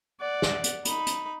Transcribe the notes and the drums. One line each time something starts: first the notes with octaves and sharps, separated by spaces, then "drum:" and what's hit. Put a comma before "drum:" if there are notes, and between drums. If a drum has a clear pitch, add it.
D5 F#5
drum: snare
drum: hi-hat
D#4 B5, drum: hi-hat
drum: hi-hat